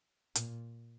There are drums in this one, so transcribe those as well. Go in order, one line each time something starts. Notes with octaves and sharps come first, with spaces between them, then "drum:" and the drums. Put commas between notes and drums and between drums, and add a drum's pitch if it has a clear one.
A#2, drum: hi-hat